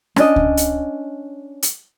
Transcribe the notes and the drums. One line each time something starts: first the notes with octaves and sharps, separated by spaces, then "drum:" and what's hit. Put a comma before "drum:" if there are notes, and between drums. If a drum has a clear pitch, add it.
C#4 D4 D#5, drum: rim click
drum: kick C#2
drum: hi-hat
drum: hi-hat